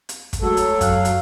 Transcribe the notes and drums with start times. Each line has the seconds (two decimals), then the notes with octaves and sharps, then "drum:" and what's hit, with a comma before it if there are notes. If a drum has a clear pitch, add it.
0.09 drum: hi-hat
0.33 drum: kick, hi-hat
0.42 F#3 G#3 A3 A4
0.57 drum: hi-hat
0.81 F#2 F5 G5 F#6, drum: kick, hi-hat
1.05 drum: hi-hat